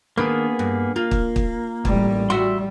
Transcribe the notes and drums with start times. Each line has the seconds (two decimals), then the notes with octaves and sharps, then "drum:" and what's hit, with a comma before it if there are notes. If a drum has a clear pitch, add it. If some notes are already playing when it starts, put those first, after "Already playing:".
0.18 D#3 A#3 B3 D4 G#4 B4
0.59 G2
0.96 A#3 F4
1.11 drum: kick
1.36 drum: kick
1.85 A1 G3, drum: kick
2.30 G3 F#4 E5 C6